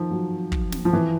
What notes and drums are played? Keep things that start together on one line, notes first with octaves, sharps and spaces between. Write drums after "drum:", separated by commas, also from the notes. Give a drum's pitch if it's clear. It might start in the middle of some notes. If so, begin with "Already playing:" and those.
Already playing: D#3 F3
F#3
drum: kick
drum: snare
F3
E3